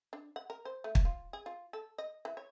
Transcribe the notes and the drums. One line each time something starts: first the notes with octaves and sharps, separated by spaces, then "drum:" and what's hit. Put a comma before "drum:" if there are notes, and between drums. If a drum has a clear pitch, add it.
D4
F#5
A#4
C5
A3
drum: kick
F4
G#4
F4
A4
D#5
E3
C#5